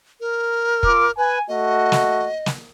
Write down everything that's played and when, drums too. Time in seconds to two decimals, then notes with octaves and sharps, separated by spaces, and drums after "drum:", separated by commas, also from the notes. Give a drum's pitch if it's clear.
0.20 A#4
0.83 F4 D6, drum: kick
1.17 B4 G#5
1.48 A3 F#4 D#5
1.92 drum: snare
2.46 drum: snare